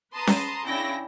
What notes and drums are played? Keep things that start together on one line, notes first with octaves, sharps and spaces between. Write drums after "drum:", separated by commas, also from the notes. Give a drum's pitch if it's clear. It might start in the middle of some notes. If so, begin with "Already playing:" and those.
B4 A5 A#5 C6 D#6
drum: snare C#4
C#3 D4 E4 G5 A#6